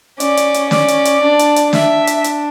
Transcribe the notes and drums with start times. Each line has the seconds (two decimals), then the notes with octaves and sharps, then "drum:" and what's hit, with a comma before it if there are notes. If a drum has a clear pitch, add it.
0.20 C#4 D5, drum: hi-hat
0.37 drum: hi-hat
0.54 drum: hi-hat
0.71 D5, drum: snare
0.88 drum: hi-hat
1.05 drum: hi-hat
1.22 D4
1.39 drum: hi-hat
1.56 drum: hi-hat
1.73 D4 E5, drum: snare
2.07 drum: hi-hat
2.24 drum: hi-hat